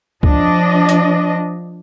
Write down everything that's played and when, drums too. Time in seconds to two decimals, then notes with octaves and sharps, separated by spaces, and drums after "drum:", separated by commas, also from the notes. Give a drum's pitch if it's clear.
0.23 F3 D4 D#5, drum: kick
0.89 drum: hi-hat